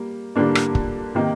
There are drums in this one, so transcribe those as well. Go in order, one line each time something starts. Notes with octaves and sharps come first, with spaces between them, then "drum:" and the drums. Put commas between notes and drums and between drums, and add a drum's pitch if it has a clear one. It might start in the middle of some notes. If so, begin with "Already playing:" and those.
Already playing: G3 A#3
D3 G3 A#3 D4
drum: rim click
drum: kick
C3 D#3 A#3 D#4